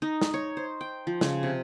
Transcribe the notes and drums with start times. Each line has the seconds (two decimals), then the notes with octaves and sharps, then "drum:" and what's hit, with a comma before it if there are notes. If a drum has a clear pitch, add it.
0.02 D#4
0.21 drum: snare
0.34 C#5
0.57 C5
0.81 G5
1.07 F3
1.21 C#3, drum: snare
1.43 C3